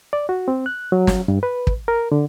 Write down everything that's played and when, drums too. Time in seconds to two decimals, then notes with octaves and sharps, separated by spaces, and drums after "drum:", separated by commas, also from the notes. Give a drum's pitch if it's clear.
0.13 D5
0.29 F#4
0.48 C4
0.66 F#6
0.92 F#3
1.07 drum: snare
1.28 G2
1.43 B4
1.67 drum: kick
1.88 A#4
2.12 D3